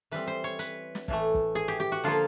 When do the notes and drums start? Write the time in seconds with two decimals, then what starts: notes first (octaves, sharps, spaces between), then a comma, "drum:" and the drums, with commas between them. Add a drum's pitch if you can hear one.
0.11 E3 G3 C4 B4
0.27 C5
0.44 C#5
0.59 B4, drum: hi-hat
0.95 drum: snare
1.08 A2 E3 A3, drum: kick
1.35 drum: kick
1.55 G#4
1.68 G4
1.80 G4
1.92 F#4
2.04 D3 F3 A#3 F4